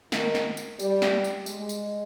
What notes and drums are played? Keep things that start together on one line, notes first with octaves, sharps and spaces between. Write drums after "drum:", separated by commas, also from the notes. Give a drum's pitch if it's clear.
D#3, drum: snare
drum: snare
drum: tambourine
G3, drum: tambourine
drum: snare
drum: tambourine
G#3, drum: tambourine
drum: tambourine